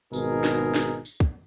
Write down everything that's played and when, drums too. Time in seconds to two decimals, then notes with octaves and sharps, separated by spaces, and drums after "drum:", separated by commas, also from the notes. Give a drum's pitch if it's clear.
0.13 G#1 B2 D#4 G#4 A#4, drum: tambourine
0.44 drum: snare
0.74 drum: snare
1.05 drum: tambourine
1.20 drum: kick